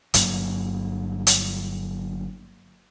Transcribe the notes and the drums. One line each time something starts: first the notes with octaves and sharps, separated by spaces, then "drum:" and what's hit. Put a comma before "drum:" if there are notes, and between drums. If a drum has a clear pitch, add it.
G1 G2 F#3 A#3, drum: hi-hat
drum: hi-hat